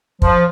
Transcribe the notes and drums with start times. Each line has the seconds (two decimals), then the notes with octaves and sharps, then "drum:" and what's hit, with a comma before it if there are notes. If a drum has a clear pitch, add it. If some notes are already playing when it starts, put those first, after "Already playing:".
0.22 F3, drum: kick